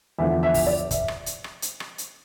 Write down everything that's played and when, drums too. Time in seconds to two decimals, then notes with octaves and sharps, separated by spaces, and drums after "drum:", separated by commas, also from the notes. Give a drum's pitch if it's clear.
0.19 E2 D3 F3 E5
0.43 E5
0.54 drum: kick, open hi-hat
0.67 D5
0.91 E5, drum: kick, hi-hat
1.08 drum: rim click
1.26 drum: hi-hat
1.44 drum: rim click
1.62 drum: hi-hat
1.80 drum: rim click
1.98 drum: hi-hat